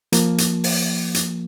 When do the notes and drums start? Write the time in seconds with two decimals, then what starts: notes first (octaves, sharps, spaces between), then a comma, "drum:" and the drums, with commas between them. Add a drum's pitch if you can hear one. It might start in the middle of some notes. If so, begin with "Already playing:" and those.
0.12 F3 A#3, drum: hi-hat
0.38 drum: hi-hat
0.64 drum: open hi-hat
1.14 drum: hi-hat